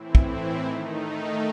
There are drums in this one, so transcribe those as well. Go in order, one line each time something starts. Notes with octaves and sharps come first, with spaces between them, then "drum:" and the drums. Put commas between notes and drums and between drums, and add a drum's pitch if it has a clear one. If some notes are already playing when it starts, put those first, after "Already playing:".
Already playing: A2 E3 C4 E4
drum: kick
D#3 A3 D#4